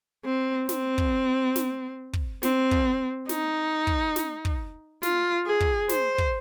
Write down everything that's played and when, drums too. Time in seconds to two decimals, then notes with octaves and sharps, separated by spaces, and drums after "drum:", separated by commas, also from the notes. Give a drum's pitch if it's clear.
0.25 C4
0.69 C4, drum: snare
0.98 drum: kick
1.56 drum: snare
2.13 drum: kick
2.43 C4, drum: snare
2.71 drum: kick
3.29 D#4, drum: snare
3.87 drum: kick
4.16 drum: snare
4.45 drum: kick
5.03 F4, drum: snare
5.46 G#4
5.60 drum: kick
5.89 C5, drum: snare
6.18 drum: kick